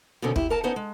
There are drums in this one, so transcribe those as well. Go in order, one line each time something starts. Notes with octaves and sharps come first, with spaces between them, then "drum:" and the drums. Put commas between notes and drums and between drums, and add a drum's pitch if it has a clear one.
B2 D3 D#3 C4 C#4
E4 G4, drum: kick
A#4 A5
B3 C#4 D#4 C5
G#3